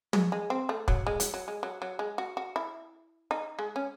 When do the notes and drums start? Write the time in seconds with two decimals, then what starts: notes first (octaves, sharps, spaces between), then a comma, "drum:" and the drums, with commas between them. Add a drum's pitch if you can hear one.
0.13 G#3, drum: tom
0.32 G#3
0.50 C4
0.69 A3
0.88 F#3, drum: kick
1.07 G#3
1.20 F#3, drum: hi-hat
1.34 F#3
1.48 G#3
1.63 F#3
1.82 F#3
1.99 G#3
2.18 F#4
2.37 F#4
2.56 E4
3.31 D#4
3.59 G#3
3.76 C#4